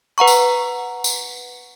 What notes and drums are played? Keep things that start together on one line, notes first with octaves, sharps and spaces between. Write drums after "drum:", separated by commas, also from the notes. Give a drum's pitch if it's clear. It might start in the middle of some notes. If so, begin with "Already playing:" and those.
B4 F#5 A#5 C#6
drum: tambourine
drum: tambourine